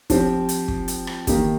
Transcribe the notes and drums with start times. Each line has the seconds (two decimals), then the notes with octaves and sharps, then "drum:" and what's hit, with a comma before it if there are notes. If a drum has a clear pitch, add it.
0.10 F3 C4 G4, drum: kick, hi-hat
0.49 drum: hi-hat
0.68 drum: kick
0.88 drum: hi-hat
1.07 drum: rim click
1.27 D#3 A#3 D#4 G4, drum: kick, hi-hat